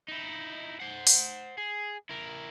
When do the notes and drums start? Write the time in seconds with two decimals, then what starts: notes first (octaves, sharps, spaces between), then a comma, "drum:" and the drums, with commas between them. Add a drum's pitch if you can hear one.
0.08 D#4 E4
0.80 C5 F#5
1.07 drum: open hi-hat
1.58 G#4
2.09 E4 A#4